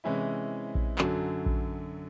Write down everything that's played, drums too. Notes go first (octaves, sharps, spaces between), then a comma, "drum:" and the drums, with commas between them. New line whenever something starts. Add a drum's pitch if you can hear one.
C3 E3 G#3 C#4 E4
drum: kick A#1
F#2 D3 F#3, drum: clap
drum: kick A#1